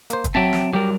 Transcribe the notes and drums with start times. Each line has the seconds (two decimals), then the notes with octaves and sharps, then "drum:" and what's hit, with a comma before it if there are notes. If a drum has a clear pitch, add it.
0.10 A#3 C5, drum: hi-hat
0.24 drum: kick, hi-hat
0.35 F#3 C4 E5 G5 A5
0.53 drum: snare
0.73 F#3 G3 G4 A#4